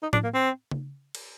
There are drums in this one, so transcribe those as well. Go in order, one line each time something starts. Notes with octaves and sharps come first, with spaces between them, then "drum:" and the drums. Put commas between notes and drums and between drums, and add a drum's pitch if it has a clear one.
D#4
D4, drum: tom A2
A#3
C4
drum: tom C#3
drum: cymbal